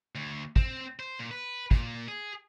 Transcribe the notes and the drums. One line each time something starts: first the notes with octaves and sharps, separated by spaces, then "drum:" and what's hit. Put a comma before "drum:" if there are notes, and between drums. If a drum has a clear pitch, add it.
D2
C4, drum: kick
C5
A#2
B4
A#2, drum: kick
G#4